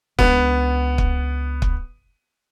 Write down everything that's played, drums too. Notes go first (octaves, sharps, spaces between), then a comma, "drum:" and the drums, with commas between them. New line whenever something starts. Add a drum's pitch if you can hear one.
C#2 B3 D4, drum: kick
drum: kick
drum: kick